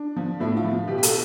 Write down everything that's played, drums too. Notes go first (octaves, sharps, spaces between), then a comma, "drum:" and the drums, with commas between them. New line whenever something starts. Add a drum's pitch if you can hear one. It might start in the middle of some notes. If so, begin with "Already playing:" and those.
Already playing: D4
F3
A2 E4
F4
F3
F4
B2 G4
G4
A4, drum: hi-hat